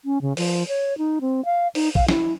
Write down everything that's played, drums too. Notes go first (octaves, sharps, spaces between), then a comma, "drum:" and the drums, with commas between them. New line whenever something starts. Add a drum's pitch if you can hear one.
C#4
C#3
F3, drum: open hi-hat
C#5
D#4
C4
F5
D#4, drum: open hi-hat
F5, drum: kick
E4, drum: snare